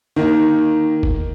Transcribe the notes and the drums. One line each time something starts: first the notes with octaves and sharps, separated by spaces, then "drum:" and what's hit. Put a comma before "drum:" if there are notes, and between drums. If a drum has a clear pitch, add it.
D#3 A#3
drum: kick